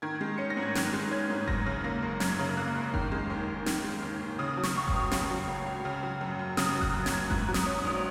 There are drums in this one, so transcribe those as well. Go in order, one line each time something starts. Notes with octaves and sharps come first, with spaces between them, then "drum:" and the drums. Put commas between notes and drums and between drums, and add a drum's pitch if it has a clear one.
D#3 G#6
G#3
C#4 C#7
A#6
G#2
G#6
D#3 F#6, drum: snare
G#3
C#4 G#6
G#2
F#2 A#6, drum: kick F#1
C#3
A#3 A#6
F#1
F#2 G#6, drum: snare
C#3
A#3 F#6
F#1
D#3, drum: kick F#1
G#3
D#2
D#2
D#3, drum: snare
G#3
D#2
D#2
C#3 D#6
F#3
C#6, drum: snare
C#2 C#6
D#6, drum: kick F#1
C#2
C#3, drum: snare
F#3
C#2
C#2
C#3
F#3
F#2
F#2
C#3 D#6, drum: snare
F#3
F#6, drum: kick F#1
F#2
G#6, drum: snare
F#2
G#2 F#6, drum: kick F#1
F#3
D#6, drum: snare
C#4
D#6
A#1